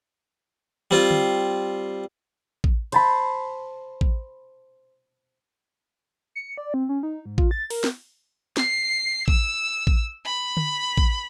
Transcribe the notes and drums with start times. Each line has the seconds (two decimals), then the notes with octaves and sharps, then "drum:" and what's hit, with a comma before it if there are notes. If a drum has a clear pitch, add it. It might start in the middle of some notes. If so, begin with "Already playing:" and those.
0.91 G3 C4 F4
1.11 drum: tom D3
2.64 drum: kick A1
2.92 C5 A5 B5, drum: cymbal
4.01 drum: kick A1
6.35 C#7
6.58 D5
6.74 C4
6.89 C#4
7.03 D#4
7.26 G#2
7.38 F4, drum: kick A1
7.51 A6
7.70 A#4, drum: open hi-hat
7.84 drum: snare
8.57 C7, drum: snare
9.28 E6, drum: kick A1
9.87 drum: kick A1
10.25 B5
10.57 drum: tom D3
10.98 drum: kick A1